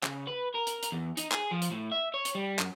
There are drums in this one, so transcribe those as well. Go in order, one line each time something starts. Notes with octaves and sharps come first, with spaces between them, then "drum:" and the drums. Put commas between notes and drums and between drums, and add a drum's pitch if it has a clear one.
C#3, drum: clap
B4
A#4
drum: hi-hat
drum: hi-hat
E2
D#4, drum: hi-hat
G#4, drum: clap
F3
drum: hi-hat
A2
E5
C#5
drum: hi-hat
G3
F#2, drum: clap